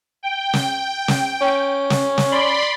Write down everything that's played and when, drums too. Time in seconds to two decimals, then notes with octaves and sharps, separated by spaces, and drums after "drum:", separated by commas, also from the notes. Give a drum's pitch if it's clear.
0.23 G5
0.54 drum: snare
1.08 drum: snare
1.41 C#4
1.90 drum: snare
2.18 drum: snare
2.31 D5 B5 C6